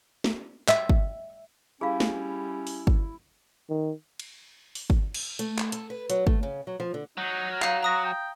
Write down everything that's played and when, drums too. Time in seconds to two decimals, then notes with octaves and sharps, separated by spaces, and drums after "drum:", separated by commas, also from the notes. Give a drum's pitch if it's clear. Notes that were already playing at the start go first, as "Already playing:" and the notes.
0.24 drum: snare
0.68 E5, drum: clap
0.89 drum: kick
1.81 G3 C#4 E4 G#4 F5
2.00 drum: snare
2.67 drum: open hi-hat
2.87 drum: kick
3.70 D#3
4.20 drum: cymbal
4.75 drum: open hi-hat
4.90 drum: kick
5.14 drum: cymbal
5.39 A3, drum: hi-hat
5.58 drum: clap
5.72 A4, drum: hi-hat
5.90 B4
6.10 F#3, drum: hi-hat
6.27 A3, drum: kick
6.43 C#3
6.67 F#3
6.80 F3
6.94 D3
7.18 F#3 D#4
7.51 A#4
7.62 D#4 F5 A#5, drum: clap
7.83 F#4 A#5 D#6 A#6
8.04 G5